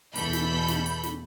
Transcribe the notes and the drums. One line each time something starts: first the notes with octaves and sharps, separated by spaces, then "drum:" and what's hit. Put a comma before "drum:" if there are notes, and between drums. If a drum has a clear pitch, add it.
E2 B2 E3 A4 B5 G6, drum: hi-hat
drum: snare
drum: snare
drum: hi-hat
drum: snare